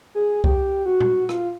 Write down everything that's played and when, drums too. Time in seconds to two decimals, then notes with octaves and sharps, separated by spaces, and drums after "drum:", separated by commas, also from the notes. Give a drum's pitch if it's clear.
0.15 G#4
0.44 G4, drum: kick C2
0.86 F#4
1.00 drum: tom A#2
1.29 F4, drum: rim click